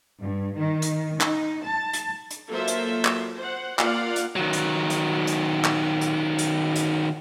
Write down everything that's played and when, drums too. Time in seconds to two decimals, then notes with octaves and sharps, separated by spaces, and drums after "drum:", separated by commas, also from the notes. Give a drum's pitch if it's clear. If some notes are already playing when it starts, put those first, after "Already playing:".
0.22 G2
0.58 D#3
0.82 drum: hi-hat
1.21 D#4, drum: clap
1.64 A5
1.93 drum: hi-hat
2.31 drum: hi-hat
2.49 F#3 A#3 F4 A4 C5 E5
2.68 drum: hi-hat
3.05 drum: clap
3.39 C5 F#5
3.79 A#3 F4 D5 F5 F#5, drum: clap
4.16 drum: hi-hat
4.36 D#3 F#3
4.53 drum: hi-hat
4.90 drum: hi-hat
5.27 drum: hi-hat
5.64 drum: clap
6.01 drum: hi-hat
6.38 drum: hi-hat
6.76 drum: hi-hat